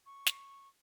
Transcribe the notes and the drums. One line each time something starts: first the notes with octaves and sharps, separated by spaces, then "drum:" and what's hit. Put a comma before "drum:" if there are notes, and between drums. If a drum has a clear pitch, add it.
C#6
drum: snare